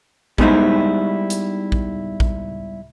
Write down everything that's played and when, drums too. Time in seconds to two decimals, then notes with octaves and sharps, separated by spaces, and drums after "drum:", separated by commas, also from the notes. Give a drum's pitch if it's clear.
0.38 G3 G#3 B3 D#4 E4 C5, drum: kick A#1
1.30 drum: hi-hat
1.72 drum: kick A#1
2.20 drum: kick A#1